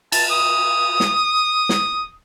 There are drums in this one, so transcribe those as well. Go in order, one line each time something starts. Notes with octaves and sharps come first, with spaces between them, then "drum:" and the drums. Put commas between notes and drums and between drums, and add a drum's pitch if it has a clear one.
A5, drum: cymbal
D#6
drum: snare
drum: snare